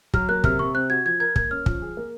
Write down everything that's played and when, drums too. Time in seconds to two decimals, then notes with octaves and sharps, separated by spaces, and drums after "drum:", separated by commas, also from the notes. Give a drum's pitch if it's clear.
0.14 F#3 F6, drum: kick
0.29 A#3 F#6
0.44 C3 F6, drum: kick
0.59 C3 C#6
0.75 C4 F#6
0.90 F#4 G#6
1.05 F3 G#6
1.20 A#4 G#6
1.36 A#3 G#6, drum: kick
1.51 C#4 F6
1.66 F3, drum: kick
1.82 G#4
1.97 A#3